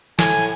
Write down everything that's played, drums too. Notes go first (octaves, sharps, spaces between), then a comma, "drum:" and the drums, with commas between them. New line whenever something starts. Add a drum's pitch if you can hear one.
A2 G#5, drum: snare